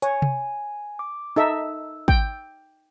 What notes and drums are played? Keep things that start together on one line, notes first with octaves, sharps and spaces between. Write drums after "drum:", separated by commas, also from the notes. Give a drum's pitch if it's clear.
C#5 G#5, drum: hi-hat
drum: tom C3
D6
D#4 A4 E5 E6
G5, drum: kick